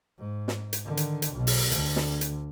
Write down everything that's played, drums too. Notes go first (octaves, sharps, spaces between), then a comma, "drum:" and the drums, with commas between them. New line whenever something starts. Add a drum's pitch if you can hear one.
G#2
drum: snare
drum: hi-hat
D3 D#3
drum: hi-hat
drum: hi-hat
B1 B2
drum: open hi-hat
D2 D3, drum: hi-hat
drum: snare
drum: hi-hat